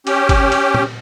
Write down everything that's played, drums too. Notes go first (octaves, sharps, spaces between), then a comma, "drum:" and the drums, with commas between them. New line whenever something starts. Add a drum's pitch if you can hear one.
C#4 G4, drum: cymbal
drum: kick, cymbal
drum: cymbal
drum: tom A#2